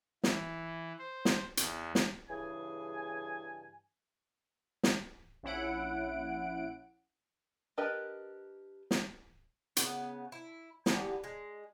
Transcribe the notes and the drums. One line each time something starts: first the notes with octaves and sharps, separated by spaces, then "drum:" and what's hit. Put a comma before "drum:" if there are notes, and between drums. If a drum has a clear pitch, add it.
E3, drum: snare
C5
drum: snare
E2, drum: hi-hat
drum: snare
G2 C#3 E3 G#4 G#5
drum: snare
A#1 C#4 E4 F#5 D7
D4 G4 A#4 B4 D#5
drum: snare
C#3 B3, drum: hi-hat
E4
D3 E3 B3 G4, drum: snare
G#3